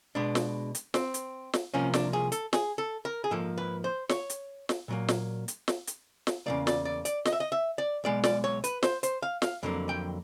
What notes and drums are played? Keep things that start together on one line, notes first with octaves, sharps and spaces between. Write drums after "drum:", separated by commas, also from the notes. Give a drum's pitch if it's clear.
B2 G#3 B3 D4
drum: snare
drum: hi-hat
C4, drum: snare
drum: hi-hat
drum: snare
C2 C3 F3 A#3 C#4
D4, drum: snare
G#4
A4, drum: hi-hat
G#4, drum: snare
A4
A#4
G#4
G#2 F3 A#3 A4
B4
C5
C#5, drum: snare
drum: hi-hat
drum: snare
A#2 F#3 A#3
drum: snare
drum: hi-hat
drum: snare
drum: hi-hat
drum: snare
E2 C#3 F#3 A#3 D5
D5, drum: snare
D5
D5, drum: hi-hat
D#5, drum: snare
E5
D#5
E5
D5
B1 B2 G#3 D5
D5, drum: snare
C#5
B4, drum: hi-hat
C5, drum: snare
C5, drum: hi-hat
F5
F5, drum: snare
F2 D3 F#3 A#3
G5